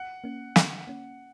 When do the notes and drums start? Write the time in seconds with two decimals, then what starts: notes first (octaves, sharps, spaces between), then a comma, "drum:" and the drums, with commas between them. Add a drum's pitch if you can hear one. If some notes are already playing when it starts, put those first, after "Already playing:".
Already playing: F#5
0.24 A#3 C#4
0.56 D3, drum: snare
0.87 A#3 C#4